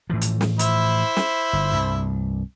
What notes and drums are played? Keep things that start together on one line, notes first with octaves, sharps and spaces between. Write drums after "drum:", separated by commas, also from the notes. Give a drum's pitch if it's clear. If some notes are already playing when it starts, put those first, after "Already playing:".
A2 E3 F3
drum: hi-hat
drum: snare
E4 C5 B5, drum: hi-hat
drum: snare
G1
C2 G2